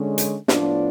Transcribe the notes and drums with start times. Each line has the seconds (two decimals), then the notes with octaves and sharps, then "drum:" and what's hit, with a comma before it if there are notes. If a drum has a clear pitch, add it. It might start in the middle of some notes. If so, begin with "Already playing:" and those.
Already playing: D3 G#3 C#4
0.18 drum: hi-hat
0.48 A2 F3 B3 D4 F4, drum: snare